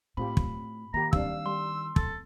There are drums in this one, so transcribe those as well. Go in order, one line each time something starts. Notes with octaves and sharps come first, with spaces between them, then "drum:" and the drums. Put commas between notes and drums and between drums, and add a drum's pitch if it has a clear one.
A2 C4 F4 G4 B5
drum: kick
D#3 A#3 G4 A#5
G3 C4 D4 F5 E6, drum: kick
G3 C6
A4, drum: kick